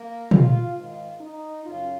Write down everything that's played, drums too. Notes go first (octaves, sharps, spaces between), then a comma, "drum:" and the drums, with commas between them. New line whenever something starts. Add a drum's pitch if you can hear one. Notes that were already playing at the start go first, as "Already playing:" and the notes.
Already playing: A#3
F4, drum: tom
G#2 D#3 F4
D#4
F#2 C#3 F4